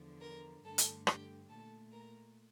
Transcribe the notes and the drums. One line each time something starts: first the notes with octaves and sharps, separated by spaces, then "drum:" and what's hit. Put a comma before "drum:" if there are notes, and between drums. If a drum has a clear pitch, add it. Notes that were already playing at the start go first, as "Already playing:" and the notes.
Already playing: E2 D3 F3
A#4 A#5
G2 D3 A3 A4 A5
drum: hi-hat
G4 G5, drum: rim click
A#2 A3 A4 A5
A#4 A#5